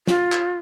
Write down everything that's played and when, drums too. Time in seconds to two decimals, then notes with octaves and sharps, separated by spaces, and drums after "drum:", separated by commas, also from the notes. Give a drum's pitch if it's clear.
0.07 F4, drum: snare
0.32 drum: clap